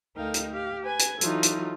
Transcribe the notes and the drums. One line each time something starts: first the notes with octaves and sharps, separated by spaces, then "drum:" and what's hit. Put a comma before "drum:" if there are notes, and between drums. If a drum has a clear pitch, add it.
D2 D#4 A4 A#4 F5 G5
drum: hi-hat
G4 F5
B4 G#5 G#6
drum: hi-hat
E3 F#3 D#4 F4 A4, drum: hi-hat
drum: hi-hat